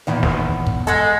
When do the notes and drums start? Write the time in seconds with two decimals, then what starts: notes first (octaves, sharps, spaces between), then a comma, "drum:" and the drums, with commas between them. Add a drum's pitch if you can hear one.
0.07 E2 A#2 D#3
0.23 drum: snare
0.67 drum: kick
0.87 G#3 A4 F#5